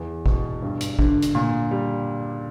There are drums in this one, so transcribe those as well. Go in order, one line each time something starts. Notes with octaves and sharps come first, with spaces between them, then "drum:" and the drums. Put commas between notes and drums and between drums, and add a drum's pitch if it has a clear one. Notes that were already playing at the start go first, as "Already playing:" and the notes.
Already playing: E2
B2, drum: kick
G2
drum: hi-hat
D3, drum: kick
drum: hi-hat
A#2
G3